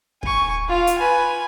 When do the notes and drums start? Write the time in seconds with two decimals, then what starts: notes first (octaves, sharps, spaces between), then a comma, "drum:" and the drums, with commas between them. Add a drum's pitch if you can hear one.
0.23 G#5 C#6, drum: kick
0.69 F4 F5
0.87 drum: hi-hat
0.98 B4 G#5